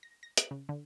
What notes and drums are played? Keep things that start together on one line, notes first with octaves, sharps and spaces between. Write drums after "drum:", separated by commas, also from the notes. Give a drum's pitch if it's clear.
A#6
A#6
F#6, drum: hi-hat
C#3
D3